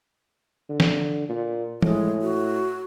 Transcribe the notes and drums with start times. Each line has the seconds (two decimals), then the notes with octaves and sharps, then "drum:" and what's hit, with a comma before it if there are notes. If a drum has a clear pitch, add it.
0.70 D3
0.80 drum: snare
1.29 A#2
1.82 A2 G#3, drum: tom
2.22 F#4